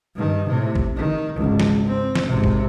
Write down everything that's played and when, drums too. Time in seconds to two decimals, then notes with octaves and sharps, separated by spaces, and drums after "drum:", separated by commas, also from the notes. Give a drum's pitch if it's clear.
0.16 G2 D#3
0.47 A2 C3
0.75 drum: kick
0.96 D#3
1.36 G#1 C#2
1.59 drum: snare
1.86 C4
2.16 drum: snare
2.26 G#1 C3
2.44 drum: kick